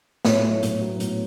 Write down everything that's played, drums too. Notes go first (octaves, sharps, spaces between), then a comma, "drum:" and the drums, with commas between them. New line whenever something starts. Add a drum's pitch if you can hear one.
A2 C#5, drum: snare
F#3 B3
A2, drum: hi-hat
F#3 B3
A2, drum: hi-hat